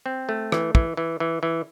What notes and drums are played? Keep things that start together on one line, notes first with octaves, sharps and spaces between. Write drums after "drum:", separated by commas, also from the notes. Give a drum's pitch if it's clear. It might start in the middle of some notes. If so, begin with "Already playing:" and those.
C4
A3
E3, drum: rim click
E3, drum: kick
E3
E3
E3